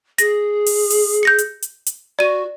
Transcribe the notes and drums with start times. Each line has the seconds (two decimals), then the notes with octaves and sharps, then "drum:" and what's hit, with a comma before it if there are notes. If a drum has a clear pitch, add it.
0.18 G#4 A#6, drum: hi-hat
0.66 drum: open hi-hat
0.90 drum: open hi-hat
1.23 G6 A#6 C#7
1.38 drum: hi-hat
1.62 drum: hi-hat
1.86 drum: hi-hat
2.19 F#4 D5 D#7